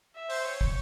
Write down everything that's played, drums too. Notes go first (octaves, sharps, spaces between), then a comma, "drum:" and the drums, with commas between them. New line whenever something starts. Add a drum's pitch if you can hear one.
E5
C5, drum: open hi-hat
C#5
drum: kick